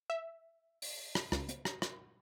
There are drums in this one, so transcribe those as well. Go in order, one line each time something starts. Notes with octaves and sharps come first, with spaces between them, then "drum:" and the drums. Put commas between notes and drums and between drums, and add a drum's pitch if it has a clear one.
E5
drum: open hi-hat
drum: rim click
C#2, drum: rim click
drum: hi-hat
drum: rim click
drum: rim click